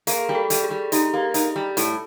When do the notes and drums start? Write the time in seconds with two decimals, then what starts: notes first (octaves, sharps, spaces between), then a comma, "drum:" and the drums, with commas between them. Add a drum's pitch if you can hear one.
0.07 A#3 G#4, drum: hi-hat
0.29 G3
0.35 A4
0.50 G3, drum: hi-hat
0.64 G#4
0.71 G3
0.92 D#4 G4, drum: hi-hat
1.14 A#3
1.34 D#4, drum: hi-hat
1.56 G3
1.77 A2, drum: hi-hat